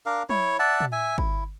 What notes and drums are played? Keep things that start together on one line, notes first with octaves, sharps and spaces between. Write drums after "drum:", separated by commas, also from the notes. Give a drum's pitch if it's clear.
D4 A#4 F5
E4 C#5, drum: tom
D5 E5 F#5 A5
drum: tom
E5 G#5
E4, drum: kick